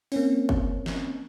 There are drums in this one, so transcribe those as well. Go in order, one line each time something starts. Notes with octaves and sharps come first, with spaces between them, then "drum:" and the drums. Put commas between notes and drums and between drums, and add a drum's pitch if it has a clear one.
A#3 C4 C#4, drum: open hi-hat
drum: kick F#1
drum: snare